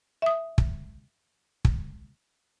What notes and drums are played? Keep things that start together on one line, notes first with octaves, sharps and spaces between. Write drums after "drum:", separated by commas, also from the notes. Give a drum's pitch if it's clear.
E5 D#6
drum: kick
drum: kick